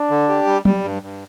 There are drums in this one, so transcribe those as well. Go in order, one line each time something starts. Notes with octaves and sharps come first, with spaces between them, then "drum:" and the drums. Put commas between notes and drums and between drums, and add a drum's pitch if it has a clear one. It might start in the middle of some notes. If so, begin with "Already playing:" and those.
Already playing: D4
D3
G4
G3
G3, drum: tom F#3
G2
G2